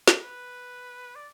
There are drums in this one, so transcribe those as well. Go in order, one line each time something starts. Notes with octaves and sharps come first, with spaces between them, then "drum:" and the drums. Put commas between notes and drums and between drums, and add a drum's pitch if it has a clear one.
drum: snare
B4
D5